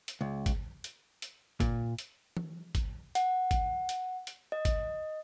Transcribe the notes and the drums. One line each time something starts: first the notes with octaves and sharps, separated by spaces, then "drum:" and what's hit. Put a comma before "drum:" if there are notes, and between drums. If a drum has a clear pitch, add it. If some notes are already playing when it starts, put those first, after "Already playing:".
drum: hi-hat
C#2
drum: kick, hi-hat
drum: hi-hat
drum: hi-hat
A#2, drum: kick, hi-hat
drum: hi-hat
drum: tom
drum: kick, hi-hat
F#5, drum: hi-hat
drum: kick, hi-hat
drum: hi-hat
drum: hi-hat
D#5
drum: kick, hi-hat